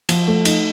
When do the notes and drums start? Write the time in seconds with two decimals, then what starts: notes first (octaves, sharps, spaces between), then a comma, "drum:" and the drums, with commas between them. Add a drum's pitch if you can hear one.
0.09 F3, drum: cymbal
0.28 A3
0.45 D#4, drum: cymbal